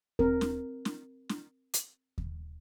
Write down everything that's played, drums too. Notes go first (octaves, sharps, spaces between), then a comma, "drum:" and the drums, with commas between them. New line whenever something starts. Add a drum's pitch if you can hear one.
C4 A#4, drum: kick D#2
drum: snare
drum: snare
drum: snare
drum: hi-hat
drum: kick D#2